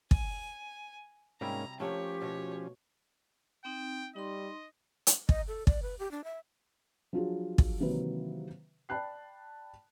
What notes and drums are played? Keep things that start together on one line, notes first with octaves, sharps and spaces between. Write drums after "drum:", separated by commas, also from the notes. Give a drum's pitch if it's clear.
G#5, drum: kick
G#2 C3 G3 A#3 C#4 E4 A#5
F3 A3 A#3 C#4 G4 C#5 F#5
B2 C#5
C4 D#4 G5
G3 D#4 D#5 C6
drum: hi-hat
D#5, drum: kick
A4
D5, drum: kick
B4
G4
D4
E5
F3 F#3 D4 F4 F#4 G#4
drum: kick
C3 D#3 E3 F#3 A#3 B4
D5 G5 A5 B5 F#6 C7